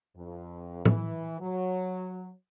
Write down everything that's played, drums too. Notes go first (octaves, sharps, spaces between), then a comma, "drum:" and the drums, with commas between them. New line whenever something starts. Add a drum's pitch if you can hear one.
F2
E3, drum: tom A2
F#3